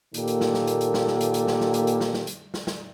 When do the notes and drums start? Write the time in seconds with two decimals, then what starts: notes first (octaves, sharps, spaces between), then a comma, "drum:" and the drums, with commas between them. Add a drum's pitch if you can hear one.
0.14 A#2 D#3 A#3 G4 A4, drum: hi-hat
0.27 drum: hi-hat
0.41 drum: snare
0.54 drum: snare
0.67 drum: hi-hat
0.81 drum: hi-hat
0.94 drum: snare
1.07 drum: snare
1.21 drum: hi-hat
1.34 drum: hi-hat
1.47 drum: snare
1.61 drum: snare
1.74 drum: hi-hat
1.87 drum: hi-hat
2.01 drum: snare
2.14 drum: snare
2.27 drum: hi-hat
2.54 drum: snare
2.67 drum: snare